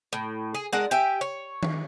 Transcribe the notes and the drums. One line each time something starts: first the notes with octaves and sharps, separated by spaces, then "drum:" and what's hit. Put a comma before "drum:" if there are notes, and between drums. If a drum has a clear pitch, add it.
A2
G#4
G#3 D4 A#4 F#5
G4 E5 G5 G#5
C#5
drum: tom D#3